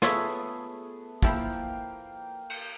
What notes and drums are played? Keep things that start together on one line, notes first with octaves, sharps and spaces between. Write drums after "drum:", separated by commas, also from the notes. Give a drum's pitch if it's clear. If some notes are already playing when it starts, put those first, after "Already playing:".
A3 B3 F4 G#4 C#5 E5, drum: snare
F3 A#3 E4 F5 G5, drum: kick
drum: cymbal